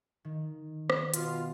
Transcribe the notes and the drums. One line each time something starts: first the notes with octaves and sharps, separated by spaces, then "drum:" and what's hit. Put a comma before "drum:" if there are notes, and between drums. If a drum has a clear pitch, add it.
D#3
drum: rim click
B2 F4, drum: hi-hat